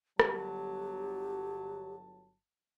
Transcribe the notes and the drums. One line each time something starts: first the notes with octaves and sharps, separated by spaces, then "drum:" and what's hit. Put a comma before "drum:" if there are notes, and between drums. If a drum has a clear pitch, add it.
G1 F#3 G4 A5, drum: rim click